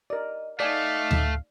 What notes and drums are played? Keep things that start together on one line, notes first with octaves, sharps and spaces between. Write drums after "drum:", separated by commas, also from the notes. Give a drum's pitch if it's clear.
A#4 D5 D#5
A3 D#4 D5 D#5 F5 G#5 D6
drum: tom D2